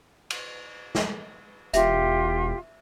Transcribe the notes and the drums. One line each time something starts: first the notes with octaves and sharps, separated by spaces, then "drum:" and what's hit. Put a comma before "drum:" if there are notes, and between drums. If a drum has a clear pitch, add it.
drum: cymbal
drum: snare
E1 F4 G4 E5, drum: hi-hat